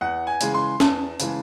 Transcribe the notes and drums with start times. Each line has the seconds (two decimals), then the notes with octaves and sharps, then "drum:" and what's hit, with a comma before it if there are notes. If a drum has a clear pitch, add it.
0.01 E2 F#5
0.27 G#5
0.41 C#3 E3 G#3, drum: hi-hat
0.54 C6
0.80 E2 A5, drum: snare
1.20 C#3 E3 G#3, drum: hi-hat